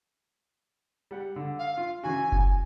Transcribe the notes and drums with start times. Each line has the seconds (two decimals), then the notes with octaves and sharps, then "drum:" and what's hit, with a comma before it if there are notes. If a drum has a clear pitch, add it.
1.11 G3 F#5
1.36 D3
1.58 F5
1.77 F4
2.03 C#3 E3 F#4 G#5
2.32 drum: kick F1